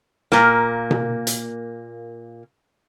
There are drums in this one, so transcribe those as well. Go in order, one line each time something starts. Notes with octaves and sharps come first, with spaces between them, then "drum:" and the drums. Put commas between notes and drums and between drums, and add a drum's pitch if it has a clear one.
A#2 A#3, drum: snare
drum: tom B2
drum: hi-hat